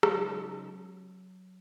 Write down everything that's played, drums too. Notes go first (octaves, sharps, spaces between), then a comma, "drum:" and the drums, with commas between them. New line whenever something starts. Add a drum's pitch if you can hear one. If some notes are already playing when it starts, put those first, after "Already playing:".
C#3 F#3 G#3 D#4 A4, drum: rim click